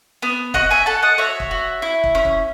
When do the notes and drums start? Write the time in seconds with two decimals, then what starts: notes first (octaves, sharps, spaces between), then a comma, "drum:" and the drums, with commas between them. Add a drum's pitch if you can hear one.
0.22 B3
0.54 F#4 D#5 F#5, drum: kick
0.71 E5 G#5
0.86 A4 F#5 A5
1.03 D#5 F#5
1.18 F#4 C#5 E5
1.40 drum: kick
1.51 F#4
1.82 E4
2.04 drum: kick
2.15 C#4
2.25 drum: kick